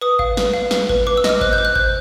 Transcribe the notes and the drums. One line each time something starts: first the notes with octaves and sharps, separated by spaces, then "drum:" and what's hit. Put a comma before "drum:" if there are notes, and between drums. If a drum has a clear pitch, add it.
B4 D#6
F5, drum: kick G#1
B4, drum: snare
F5
B4, drum: snare
B4, drum: kick G#1
B4 D6
E6
D#5 F6, drum: snare
C5 F#6, drum: kick G#1
G6
C5
F#6
C5 G6, drum: kick G#1